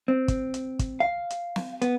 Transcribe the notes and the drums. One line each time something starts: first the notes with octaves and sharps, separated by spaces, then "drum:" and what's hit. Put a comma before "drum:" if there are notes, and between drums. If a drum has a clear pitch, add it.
C4
drum: kick, hi-hat
drum: hi-hat
drum: kick, hi-hat
F5
drum: hi-hat
drum: snare
B3, drum: hi-hat